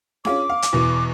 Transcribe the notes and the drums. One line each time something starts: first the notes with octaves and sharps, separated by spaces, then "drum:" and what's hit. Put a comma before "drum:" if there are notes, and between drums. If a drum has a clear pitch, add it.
C#4 F4 G#4 D6, drum: snare D4
F5
drum: hi-hat
E2 B2 E3